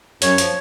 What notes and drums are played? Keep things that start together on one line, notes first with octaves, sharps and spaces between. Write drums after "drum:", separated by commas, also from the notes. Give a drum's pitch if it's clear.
F#2 C#5, drum: hi-hat
F3, drum: hi-hat